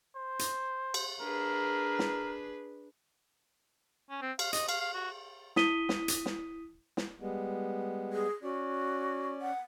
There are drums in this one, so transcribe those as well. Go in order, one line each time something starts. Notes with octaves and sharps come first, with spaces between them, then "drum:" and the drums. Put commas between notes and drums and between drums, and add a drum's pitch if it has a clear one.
C5
drum: hi-hat
drum: cymbal
D4 G#4 A#4 B4
drum: snare
C#4
C4
F5, drum: cymbal
D#5, drum: hi-hat
F5, drum: cymbal
F5
F#4
E4 D#6 B6 D#7 G7, drum: snare
drum: snare
drum: hi-hat
drum: snare
drum: snare
G3 G#3 B3
G#4
C#4 F#4 D5
F#5